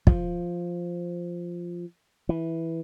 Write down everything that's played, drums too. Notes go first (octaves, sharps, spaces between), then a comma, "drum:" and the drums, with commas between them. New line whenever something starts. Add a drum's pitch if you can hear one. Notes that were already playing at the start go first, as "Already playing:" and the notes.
F3, drum: kick
E3